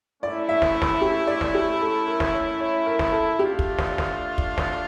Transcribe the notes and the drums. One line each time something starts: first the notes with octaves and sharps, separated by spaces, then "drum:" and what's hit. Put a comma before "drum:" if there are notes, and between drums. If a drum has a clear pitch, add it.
A3 C#4 E4 D5
E5
drum: snare
drum: snare
G4
D5
drum: snare
G4
A4
A#4
drum: snare
C#5
C#5
A#4
drum: snare
A4
A3 D4 F4 G4
drum: kick
drum: snare
drum: snare
drum: kick
drum: snare